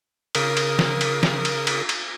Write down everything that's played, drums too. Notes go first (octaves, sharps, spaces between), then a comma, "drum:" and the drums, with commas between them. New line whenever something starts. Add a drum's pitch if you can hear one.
C#3 A#4 D#6, drum: cymbal
drum: cymbal
drum: snare
drum: cymbal
drum: snare
drum: cymbal
drum: cymbal
drum: cymbal